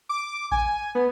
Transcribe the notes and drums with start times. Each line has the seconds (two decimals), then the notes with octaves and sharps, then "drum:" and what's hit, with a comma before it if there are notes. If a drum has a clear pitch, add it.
0.09 D6
0.52 G#5, drum: kick A1
0.95 B3